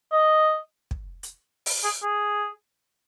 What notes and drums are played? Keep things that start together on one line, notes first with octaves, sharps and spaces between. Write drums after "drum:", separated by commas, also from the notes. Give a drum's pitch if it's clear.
D#5
drum: kick
drum: hi-hat
drum: open hi-hat
G#4
G#4